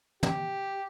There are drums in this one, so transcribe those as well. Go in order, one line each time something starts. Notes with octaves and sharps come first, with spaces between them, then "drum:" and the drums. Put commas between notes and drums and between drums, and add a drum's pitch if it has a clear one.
G4, drum: tom